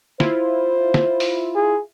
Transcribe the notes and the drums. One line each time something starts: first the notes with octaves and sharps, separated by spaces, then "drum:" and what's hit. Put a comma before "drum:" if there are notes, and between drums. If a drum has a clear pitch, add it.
E4 F4 C5, drum: snare
drum: snare
drum: open hi-hat
G#4